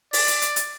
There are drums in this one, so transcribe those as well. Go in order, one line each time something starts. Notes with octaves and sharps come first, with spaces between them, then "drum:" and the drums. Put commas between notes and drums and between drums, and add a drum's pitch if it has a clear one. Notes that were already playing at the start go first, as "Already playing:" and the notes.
D5, drum: open hi-hat
drum: hi-hat
drum: hi-hat
drum: hi-hat